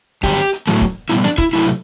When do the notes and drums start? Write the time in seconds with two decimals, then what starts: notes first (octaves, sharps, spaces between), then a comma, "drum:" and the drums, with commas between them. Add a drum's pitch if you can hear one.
0.23 G2 D3 F#3 G4, drum: kick E1, hi-hat
0.53 drum: hi-hat
0.67 A2 F#3 A3, drum: snare
0.81 drum: kick E1, hi-hat
1.09 B2 G3 B3 E4, drum: hi-hat
1.24 D4, drum: snare
1.38 E4, drum: kick E1, hi-hat
1.53 C3 F#3 A3 E4
1.67 drum: hi-hat